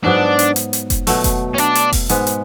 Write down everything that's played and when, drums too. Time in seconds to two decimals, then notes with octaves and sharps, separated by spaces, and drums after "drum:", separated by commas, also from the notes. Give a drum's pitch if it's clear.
0.04 G#2 F#3 B3 D4
0.39 drum: hi-hat
0.56 drum: hi-hat
0.73 drum: hi-hat
0.90 drum: kick F1, hi-hat
1.07 B2 F#3 A3, drum: open hi-hat
1.24 drum: kick F1, hi-hat
1.54 C#4
1.58 D4, drum: hi-hat
1.75 drum: hi-hat
1.92 drum: kick F1, open hi-hat
2.09 G#2 G#3 B3, drum: hi-hat
2.27 drum: hi-hat